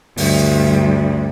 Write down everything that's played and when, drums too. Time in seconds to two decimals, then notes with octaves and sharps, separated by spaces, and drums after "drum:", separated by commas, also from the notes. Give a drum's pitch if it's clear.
0.17 D2 G2, drum: open hi-hat